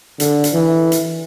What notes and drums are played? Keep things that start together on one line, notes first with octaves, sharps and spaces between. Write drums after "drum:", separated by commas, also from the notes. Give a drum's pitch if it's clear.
D3, drum: hi-hat
drum: hi-hat
E3
drum: hi-hat